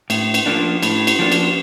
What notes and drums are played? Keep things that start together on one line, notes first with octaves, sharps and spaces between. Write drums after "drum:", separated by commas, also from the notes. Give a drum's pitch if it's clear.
A2, drum: cymbal
drum: cymbal
F3 A#3 D4
A2, drum: cymbal
drum: cymbal
F3 A#3 D4
drum: cymbal